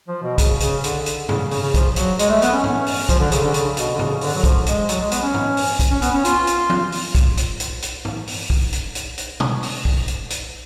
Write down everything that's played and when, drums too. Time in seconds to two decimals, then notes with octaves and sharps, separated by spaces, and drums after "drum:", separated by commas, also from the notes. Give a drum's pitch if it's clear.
0.08 F3
0.23 B2
0.38 C#3, drum: kick, hi-hat
0.60 C#3, drum: hi-hat
0.84 D3, drum: hi-hat
1.06 drum: hi-hat
1.29 C#3, drum: tom G2
1.51 C#3, drum: open hi-hat
1.62 C#3
1.74 F3, drum: kick, hi-hat
1.96 F#3, drum: hi-hat
2.19 G#3, drum: hi-hat
2.29 A3
2.42 B3, drum: hi-hat
2.53 C#4
2.64 drum: tom G2
2.86 drum: open hi-hat
3.09 F3, drum: kick, hi-hat
3.20 D3
3.32 C#3, drum: hi-hat
3.43 D3
3.54 C#3, drum: hi-hat
3.77 B2, drum: hi-hat
3.95 D3
3.99 C#3, drum: tom G2
4.21 D3, drum: open hi-hat
4.35 F#3
4.44 F3, drum: kick, hi-hat
4.66 G#3, drum: hi-hat
4.89 F#3, drum: hi-hat
5.00 G#3
5.11 B3, drum: hi-hat
5.22 C#4
5.34 drum: tom G2
5.57 drum: open hi-hat
5.79 drum: kick, hi-hat
5.91 C#4
6.02 B3, drum: hi-hat
6.13 C#4
6.25 F4, drum: hi-hat
6.47 drum: hi-hat
6.70 drum: tom F3
6.92 drum: open hi-hat
7.15 drum: kick, hi-hat
7.37 drum: hi-hat
7.60 drum: hi-hat
7.82 drum: hi-hat
8.05 drum: tom G2
8.27 drum: open hi-hat
8.50 drum: kick
8.72 drum: hi-hat
8.95 drum: hi-hat
9.18 drum: hi-hat
9.40 drum: tom
9.63 drum: open hi-hat
9.85 drum: kick
10.08 drum: hi-hat
10.30 drum: hi-hat